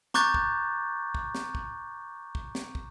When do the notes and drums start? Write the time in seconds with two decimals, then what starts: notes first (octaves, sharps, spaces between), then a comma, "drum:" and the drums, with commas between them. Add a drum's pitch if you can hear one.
0.14 A#5 C#6 D6 F#6 G6 A6, drum: snare
0.34 drum: kick
1.15 drum: kick
1.35 drum: snare
1.55 drum: kick
2.35 drum: kick
2.55 drum: snare
2.75 drum: kick